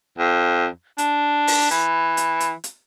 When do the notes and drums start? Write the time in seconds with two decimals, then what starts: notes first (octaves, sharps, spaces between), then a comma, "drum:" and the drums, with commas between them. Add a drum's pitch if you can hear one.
0.18 F2
0.98 D4, drum: hi-hat
1.47 drum: open hi-hat
1.71 E3, drum: hi-hat
2.17 drum: hi-hat
2.40 drum: hi-hat
2.64 drum: hi-hat